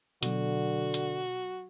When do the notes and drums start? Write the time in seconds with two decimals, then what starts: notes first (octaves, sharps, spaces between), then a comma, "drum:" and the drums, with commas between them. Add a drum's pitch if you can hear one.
0.23 B2 D3 F#3 F#4, drum: hi-hat
0.94 drum: hi-hat